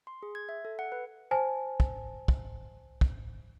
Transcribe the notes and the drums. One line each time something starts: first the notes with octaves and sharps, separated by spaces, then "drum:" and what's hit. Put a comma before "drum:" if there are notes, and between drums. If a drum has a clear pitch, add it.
C6
G#4
G#6
E5
A4
F#5
B4
C5 G#5 A5
drum: kick
drum: kick
drum: kick